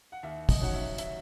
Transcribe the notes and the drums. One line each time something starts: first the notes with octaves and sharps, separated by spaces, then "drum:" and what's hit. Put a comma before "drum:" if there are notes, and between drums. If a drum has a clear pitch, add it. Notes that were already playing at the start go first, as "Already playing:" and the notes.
F#5
D#2 E5
D#5, drum: kick, open hi-hat
D#3 F#3 C#4 F#5
E5
E5, drum: hi-hat